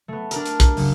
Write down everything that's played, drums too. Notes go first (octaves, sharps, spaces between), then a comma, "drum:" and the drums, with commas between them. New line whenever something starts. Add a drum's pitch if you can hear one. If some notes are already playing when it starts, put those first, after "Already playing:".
A3 B3
D4 A#4, drum: hi-hat
drum: hi-hat
drum: kick, hi-hat
F#1, drum: open hi-hat